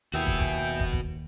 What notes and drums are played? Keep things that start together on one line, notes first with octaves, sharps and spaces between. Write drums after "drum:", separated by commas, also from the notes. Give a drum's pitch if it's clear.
D#2 E4 F#4 G#4 B4 E5 G5
drum: kick
drum: kick
drum: kick
drum: kick